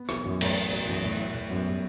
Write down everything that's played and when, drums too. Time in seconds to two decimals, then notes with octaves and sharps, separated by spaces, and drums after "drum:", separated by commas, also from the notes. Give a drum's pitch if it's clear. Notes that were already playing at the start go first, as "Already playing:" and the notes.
Already playing: B3
0.09 B1, drum: rim click
0.24 F#2 E3
0.41 A2, drum: cymbal
0.56 B3
0.72 B1
0.87 F#2 E3
1.03 A2
1.19 E4
1.34 A2
1.50 F#2 B3
1.67 G3